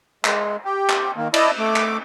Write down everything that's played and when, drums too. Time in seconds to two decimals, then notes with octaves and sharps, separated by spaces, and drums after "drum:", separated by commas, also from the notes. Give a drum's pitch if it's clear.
0.25 G#3, drum: clap
0.65 G4
0.90 drum: clap
1.17 D#3 A#3
1.34 E4 D5 D#5 A5, drum: cymbal
1.59 A3 D6
1.76 drum: clap